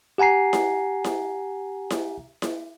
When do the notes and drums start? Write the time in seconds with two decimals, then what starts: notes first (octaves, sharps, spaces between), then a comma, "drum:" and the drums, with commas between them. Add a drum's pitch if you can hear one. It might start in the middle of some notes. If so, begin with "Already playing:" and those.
0.18 G4 F#5 G#5 A#5 C7
0.53 drum: snare E4
1.04 drum: snare E4
1.90 drum: snare E4
2.42 drum: snare E4